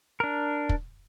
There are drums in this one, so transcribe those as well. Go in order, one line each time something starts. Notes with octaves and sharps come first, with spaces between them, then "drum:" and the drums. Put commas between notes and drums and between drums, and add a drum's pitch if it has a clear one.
D4 A#4
drum: kick